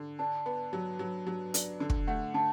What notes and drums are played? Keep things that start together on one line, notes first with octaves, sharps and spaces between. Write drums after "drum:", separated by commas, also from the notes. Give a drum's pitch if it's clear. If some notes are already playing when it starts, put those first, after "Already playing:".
Already playing: D3
D4 A5
B3
F#3
F#3
F#3
D4, drum: hi-hat
D3
drum: kick
A3 F#5
D3 A5